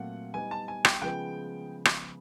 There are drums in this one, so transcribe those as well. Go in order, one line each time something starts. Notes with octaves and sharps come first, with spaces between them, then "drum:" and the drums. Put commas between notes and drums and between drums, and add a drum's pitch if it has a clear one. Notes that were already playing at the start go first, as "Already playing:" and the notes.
Already playing: A#2 F#3 A3 C4 F4 F#5
G3 B3 D#4 G#5
A5
G#5
G5, drum: rim click
C#3 F3 G#3 B3 G5
drum: rim click